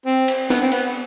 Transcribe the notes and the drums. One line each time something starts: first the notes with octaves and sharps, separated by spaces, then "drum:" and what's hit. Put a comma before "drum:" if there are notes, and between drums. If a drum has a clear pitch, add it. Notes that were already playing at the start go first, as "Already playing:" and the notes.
C4
drum: cymbal
B3, drum: snare D4
C4
B3, drum: cymbal